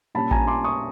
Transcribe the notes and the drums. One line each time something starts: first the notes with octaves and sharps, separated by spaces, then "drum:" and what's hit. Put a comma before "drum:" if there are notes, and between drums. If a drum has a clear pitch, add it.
A#2 G3 A#3 C#4 A5 B5
G#5 A#5, drum: kick A1
C6 D6
C#6 D#6